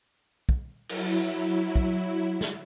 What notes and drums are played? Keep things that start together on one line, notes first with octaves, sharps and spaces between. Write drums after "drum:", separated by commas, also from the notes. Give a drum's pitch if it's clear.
drum: kick
F#3 E4, drum: cymbal
drum: kick
drum: snare